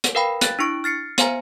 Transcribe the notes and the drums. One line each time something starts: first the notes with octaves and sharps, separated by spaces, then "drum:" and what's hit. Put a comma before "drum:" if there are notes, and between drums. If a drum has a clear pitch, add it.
drum: hi-hat
A#4 B4 F5 G5 B5
F#6 A6, drum: hi-hat
D4 E4 C#6 D7
F6 A6 C7 C#7
B3 C5 F5 G#5 A#5, drum: hi-hat